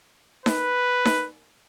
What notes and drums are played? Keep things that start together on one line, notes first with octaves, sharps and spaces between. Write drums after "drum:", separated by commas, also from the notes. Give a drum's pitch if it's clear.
B4, drum: snare D#4
drum: snare D#4